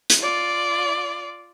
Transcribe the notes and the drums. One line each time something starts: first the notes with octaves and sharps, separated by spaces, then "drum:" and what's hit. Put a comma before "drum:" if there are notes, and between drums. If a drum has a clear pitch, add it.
drum: hi-hat
F4 D5